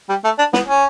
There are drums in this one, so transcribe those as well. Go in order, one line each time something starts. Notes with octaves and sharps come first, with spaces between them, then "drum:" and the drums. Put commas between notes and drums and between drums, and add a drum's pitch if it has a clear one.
G3
A3
D4
B3, drum: snare
C#4